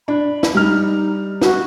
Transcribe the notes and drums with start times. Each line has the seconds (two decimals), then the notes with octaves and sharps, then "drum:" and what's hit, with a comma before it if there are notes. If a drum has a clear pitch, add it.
0.08 D4 B5
0.43 drum: snare
0.55 G3 D#4 F6
1.41 F#4, drum: snare